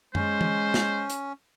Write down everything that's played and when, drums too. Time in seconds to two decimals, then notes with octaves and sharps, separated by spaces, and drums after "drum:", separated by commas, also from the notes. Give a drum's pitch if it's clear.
0.15 G#3 C#4 C5, drum: tom F#2
0.41 drum: tom E3
0.74 drum: snare
1.10 drum: hi-hat